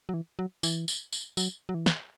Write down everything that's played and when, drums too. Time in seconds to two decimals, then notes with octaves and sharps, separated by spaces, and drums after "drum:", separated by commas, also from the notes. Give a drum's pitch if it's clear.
0.09 F#3
0.14 E3
0.39 F#3
0.63 E3, drum: tambourine
0.88 drum: tambourine
1.13 drum: tambourine
1.37 F#3, drum: tambourine
1.69 F#3
1.74 E3
1.86 drum: snare